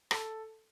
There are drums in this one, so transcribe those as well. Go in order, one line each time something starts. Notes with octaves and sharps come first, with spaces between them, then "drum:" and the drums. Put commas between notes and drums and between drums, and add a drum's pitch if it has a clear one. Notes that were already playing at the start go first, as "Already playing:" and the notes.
A4, drum: rim click